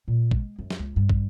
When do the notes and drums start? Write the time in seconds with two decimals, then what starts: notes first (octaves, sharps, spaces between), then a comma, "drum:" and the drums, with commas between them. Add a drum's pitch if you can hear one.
0.08 A#2
0.31 G#3, drum: kick
0.59 F#2
0.70 drum: snare
0.79 C#2
0.96 G2
1.09 drum: kick